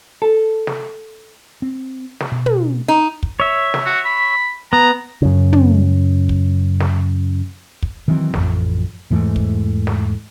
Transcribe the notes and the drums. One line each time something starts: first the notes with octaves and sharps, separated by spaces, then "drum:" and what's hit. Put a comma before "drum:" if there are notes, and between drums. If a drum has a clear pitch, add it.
A4
drum: snare
C4
drum: snare
B2
drum: tom
D#4
drum: kick
C#5 E5
drum: snare
F#4
B5
B3 A#5
F#2 C#3
drum: tom
drum: kick
drum: snare
drum: kick
D#3 E3 F#3 C4
A1 F2, drum: snare
E2 G#2 E3 A3
drum: kick
drum: snare